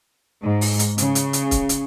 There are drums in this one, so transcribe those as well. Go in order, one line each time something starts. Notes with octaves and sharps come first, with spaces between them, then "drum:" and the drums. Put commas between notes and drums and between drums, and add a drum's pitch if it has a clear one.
G#2
drum: open hi-hat
drum: hi-hat
C#3, drum: hi-hat
drum: hi-hat
drum: hi-hat
drum: kick, hi-hat
drum: hi-hat